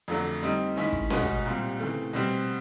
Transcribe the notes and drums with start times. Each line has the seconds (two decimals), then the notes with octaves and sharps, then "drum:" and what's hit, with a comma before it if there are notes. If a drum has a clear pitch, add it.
0.08 F2 D3 F#3 A3 D4
0.43 G3 C4 D#4
0.76 D#3 G#3 C#4 E4
0.92 drum: kick
1.10 C2 B2 G#3 C#4 F#4, drum: snare C#4
1.23 drum: kick
1.45 C2 A#2 G3 C4
1.79 C#3 E3 A3 C4
2.13 B2 G3 C4